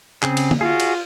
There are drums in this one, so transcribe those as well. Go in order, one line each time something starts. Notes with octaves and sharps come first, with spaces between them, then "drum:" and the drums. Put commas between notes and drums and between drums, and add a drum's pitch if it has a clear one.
C#3 C4 G#4, drum: clap
drum: cymbal
drum: tom
F4 F#4 G#4
drum: cymbal